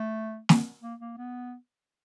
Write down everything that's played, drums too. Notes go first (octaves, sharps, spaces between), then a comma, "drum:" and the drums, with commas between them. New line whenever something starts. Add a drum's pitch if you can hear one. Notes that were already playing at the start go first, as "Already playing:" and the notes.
Already playing: A3
drum: snare
A#3
A#3
B3